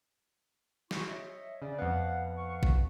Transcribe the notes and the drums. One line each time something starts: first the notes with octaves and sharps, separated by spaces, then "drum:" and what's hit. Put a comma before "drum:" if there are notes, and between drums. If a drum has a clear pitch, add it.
E4 C6 C#6, drum: snare
C#5 D#5 E5
C#3 D5
F2 B3 F5 F#5
F5 F#5 C#6
drum: kick A1